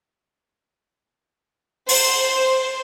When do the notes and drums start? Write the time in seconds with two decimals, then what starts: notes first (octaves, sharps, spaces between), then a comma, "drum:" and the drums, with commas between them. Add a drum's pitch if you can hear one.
1.89 C5, drum: open hi-hat